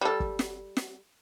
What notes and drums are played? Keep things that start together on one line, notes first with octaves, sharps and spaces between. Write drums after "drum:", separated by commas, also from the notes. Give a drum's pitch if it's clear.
G3 A4
drum: kick
drum: snare
drum: snare